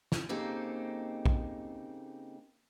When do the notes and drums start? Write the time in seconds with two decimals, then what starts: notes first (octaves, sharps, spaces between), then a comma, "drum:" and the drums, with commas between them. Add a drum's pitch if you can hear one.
0.12 drum: snare
0.29 C#3 A#3 C4 D#4 G4 A4
1.26 drum: kick A#1